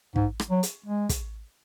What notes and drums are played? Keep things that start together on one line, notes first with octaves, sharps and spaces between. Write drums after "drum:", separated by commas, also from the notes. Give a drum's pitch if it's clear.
G#2, drum: kick
drum: rim click
F#3
drum: hi-hat
G#3
drum: kick, hi-hat